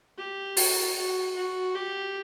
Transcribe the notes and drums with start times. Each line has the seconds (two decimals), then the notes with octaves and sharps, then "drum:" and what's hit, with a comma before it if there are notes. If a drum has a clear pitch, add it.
0.18 G4
0.57 F#4, drum: open hi-hat
0.96 F#4
1.35 F#4
1.75 G4